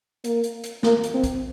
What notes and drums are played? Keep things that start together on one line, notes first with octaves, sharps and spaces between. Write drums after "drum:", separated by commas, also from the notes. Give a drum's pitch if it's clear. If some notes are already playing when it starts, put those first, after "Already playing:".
A#3, drum: hi-hat
drum: hi-hat
drum: hi-hat
A#3, drum: snare
drum: hi-hat
C4
drum: kick B1, hi-hat